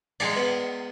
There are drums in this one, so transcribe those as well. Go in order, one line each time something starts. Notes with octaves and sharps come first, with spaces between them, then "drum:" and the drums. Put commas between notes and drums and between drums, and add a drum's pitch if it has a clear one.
G#3 G#4 D5, drum: cymbal
B3